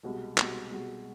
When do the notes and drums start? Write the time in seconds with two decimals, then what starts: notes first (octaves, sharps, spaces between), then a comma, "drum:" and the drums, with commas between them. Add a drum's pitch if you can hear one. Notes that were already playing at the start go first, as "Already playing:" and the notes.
0.03 C2 B2 G#3
0.38 C2 B2 G#3, drum: clap
0.72 C2 B2 G#3